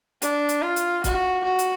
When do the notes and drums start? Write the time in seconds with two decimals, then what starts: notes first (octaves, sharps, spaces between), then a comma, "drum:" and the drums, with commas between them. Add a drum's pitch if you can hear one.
0.22 D4, drum: hi-hat
0.49 drum: hi-hat
0.62 F4
0.76 drum: hi-hat
1.04 F#4, drum: kick, hi-hat
1.44 F#4
1.59 drum: hi-hat